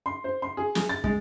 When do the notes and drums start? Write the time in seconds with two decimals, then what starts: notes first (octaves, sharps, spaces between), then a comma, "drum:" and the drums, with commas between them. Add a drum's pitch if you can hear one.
0.06 C6
0.24 C5
0.42 C6
0.57 G#4
0.75 G#4, drum: snare
0.89 A6
1.04 G#3, drum: kick